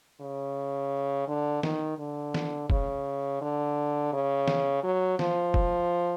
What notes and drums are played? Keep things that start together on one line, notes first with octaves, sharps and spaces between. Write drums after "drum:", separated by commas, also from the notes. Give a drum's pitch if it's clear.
C#3
D3
D#3, drum: snare
D3
drum: snare
C#3, drum: kick F1
D3
C#3
drum: snare
F#3
F3, drum: snare
drum: kick F1